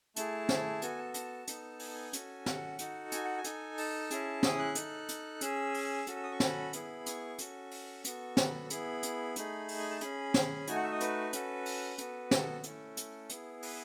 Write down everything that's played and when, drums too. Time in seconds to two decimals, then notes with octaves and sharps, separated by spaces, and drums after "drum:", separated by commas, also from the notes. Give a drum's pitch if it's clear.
0.16 A3 E4 G#4 A5, drum: hi-hat
0.49 drum: snare
0.82 B3 F#4 A4 G#5, drum: hi-hat
0.98 A5
1.14 A5, drum: hi-hat
1.48 B3 D#4 A4, drum: hi-hat
1.80 G#5, drum: open hi-hat
1.88 A5
1.94 G#5
2.13 C#4 F#4 A4, drum: hi-hat
2.46 F#5, drum: snare
2.79 D#4 F#4 A4, drum: hi-hat
3.12 G#5, drum: hi-hat
3.25 F#5
3.38 G#5
3.44 D#4 A4, drum: hi-hat
3.78 A5, drum: open hi-hat
4.11 C#4 E4 G#4, drum: hi-hat
4.43 D#6, drum: snare
4.59 F#6
4.75 D#4 A4, drum: hi-hat
5.09 drum: hi-hat
5.41 C#4 G#4 E6, drum: hi-hat
5.74 drum: open hi-hat
6.07 C#4 F#4 A4, drum: hi-hat
6.15 E6
6.24 D#6
6.31 C#6
6.40 B5, drum: snare
6.73 B3 E4 G#4, drum: hi-hat
7.06 C#6, drum: hi-hat
7.39 C#4 F#4 A4, drum: hi-hat
7.71 drum: open hi-hat
8.05 B3 F#4 A4, drum: hi-hat
8.37 B5, drum: snare
8.70 B3 E4 G#4 B5, drum: hi-hat
9.03 drum: hi-hat
9.36 A3 D#4 G#4, drum: hi-hat
9.69 drum: open hi-hat
9.79 G#5
9.90 A5
10.01 C#4 G#4 B5, drum: hi-hat
10.34 drum: snare
10.67 A3 D#4 F#4 G#5, drum: hi-hat
10.76 F#5
10.83 E5
10.91 D#5
11.01 B4, drum: hi-hat
11.33 C#4 F#4 A4, drum: hi-hat
11.66 drum: open hi-hat
11.98 B3 F#4 A4, drum: hi-hat
12.31 A4, drum: snare
12.64 A3 C#4 E4 A4, drum: hi-hat
12.97 drum: hi-hat
13.30 B3 E4 G#4, drum: hi-hat
13.62 B4, drum: open hi-hat